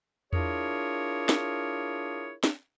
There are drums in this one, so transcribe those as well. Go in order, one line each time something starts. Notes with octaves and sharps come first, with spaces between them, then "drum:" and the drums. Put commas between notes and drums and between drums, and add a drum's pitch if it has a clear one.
D4 E4 F4 G#4 A#4 C#5, drum: tom E2
drum: snare
drum: snare